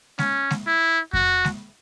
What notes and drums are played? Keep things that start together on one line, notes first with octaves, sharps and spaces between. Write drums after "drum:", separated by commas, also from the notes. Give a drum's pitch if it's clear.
C#4, drum: snare G#3
drum: snare G#3
E4
F#4, drum: kick F2
drum: snare G#3